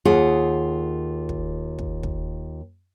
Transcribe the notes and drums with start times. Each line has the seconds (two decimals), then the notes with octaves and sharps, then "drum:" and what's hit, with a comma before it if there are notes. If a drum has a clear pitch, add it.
0.05 D#2 F4 G#4 F#5
1.29 drum: kick
1.79 drum: kick
2.03 drum: kick